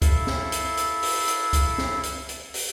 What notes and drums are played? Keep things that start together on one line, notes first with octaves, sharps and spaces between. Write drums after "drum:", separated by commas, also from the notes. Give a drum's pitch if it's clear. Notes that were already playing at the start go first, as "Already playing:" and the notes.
E4 A4 F5, drum: kick C#2, hi-hat
drum: snare
drum: hi-hat
drum: hi-hat
drum: open hi-hat
drum: hi-hat
drum: kick C#2, hi-hat
drum: snare
drum: hi-hat
drum: hi-hat
drum: open hi-hat